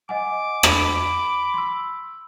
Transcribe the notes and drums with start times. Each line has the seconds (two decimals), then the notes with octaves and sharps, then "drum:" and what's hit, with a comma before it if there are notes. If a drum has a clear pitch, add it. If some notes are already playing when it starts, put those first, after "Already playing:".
0.09 D#5 F#5 G#5 D6
0.63 B5, drum: rim click
1.54 C6 E6